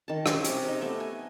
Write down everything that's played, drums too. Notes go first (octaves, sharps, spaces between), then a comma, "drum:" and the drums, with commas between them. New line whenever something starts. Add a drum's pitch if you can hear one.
D#3 A5
C#4 G#4 C5, drum: rim click
C3 G4, drum: hi-hat
D#4
A3 B3 D#4 E5
G#5